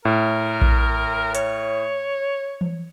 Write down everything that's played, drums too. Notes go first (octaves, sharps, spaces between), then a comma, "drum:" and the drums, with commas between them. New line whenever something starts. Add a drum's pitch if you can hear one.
A2 A#4
drum: kick A#1
C#5, drum: hi-hat
drum: tom E3